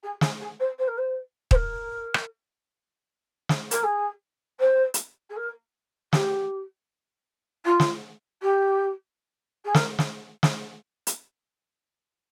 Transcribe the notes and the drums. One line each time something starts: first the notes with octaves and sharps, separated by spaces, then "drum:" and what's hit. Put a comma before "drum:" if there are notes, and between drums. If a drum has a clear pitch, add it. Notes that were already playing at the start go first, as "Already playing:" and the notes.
G#4
G#4, drum: snare
G#4
C5
C5
A#4
C5
C5, drum: kick
A#4
drum: rim click
drum: snare
A#4, drum: hi-hat
G#4
C5
drum: hi-hat
G#4
A#4
G4, drum: snare
F4
drum: snare
G4
G#4
A#4, drum: snare
drum: snare
drum: snare
drum: hi-hat